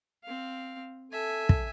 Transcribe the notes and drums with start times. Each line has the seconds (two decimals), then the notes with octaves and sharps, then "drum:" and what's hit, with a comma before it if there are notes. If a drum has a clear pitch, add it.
0.24 C4 F5
1.12 A4 E5 G#5
1.49 drum: kick